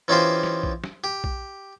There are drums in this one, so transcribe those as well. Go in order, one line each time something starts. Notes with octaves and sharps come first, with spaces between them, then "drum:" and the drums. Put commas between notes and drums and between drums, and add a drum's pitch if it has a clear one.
E3 C#4 D#4 F4 G4 C5
drum: snare
drum: kick A#1
drum: snare
G4
drum: kick A#1